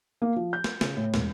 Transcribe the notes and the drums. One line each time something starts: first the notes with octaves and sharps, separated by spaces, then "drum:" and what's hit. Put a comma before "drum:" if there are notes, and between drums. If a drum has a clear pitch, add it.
A#3
F3
G6
drum: snare
C#3, drum: snare
A2
E1, drum: snare